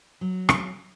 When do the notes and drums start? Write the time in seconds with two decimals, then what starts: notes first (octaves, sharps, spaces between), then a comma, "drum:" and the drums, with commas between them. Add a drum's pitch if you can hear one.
0.21 F#3
0.49 drum: rim click